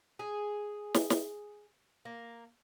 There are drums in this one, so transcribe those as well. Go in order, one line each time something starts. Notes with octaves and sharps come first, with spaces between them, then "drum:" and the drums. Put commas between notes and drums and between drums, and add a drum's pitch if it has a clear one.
G#4
drum: snare
drum: snare
A#3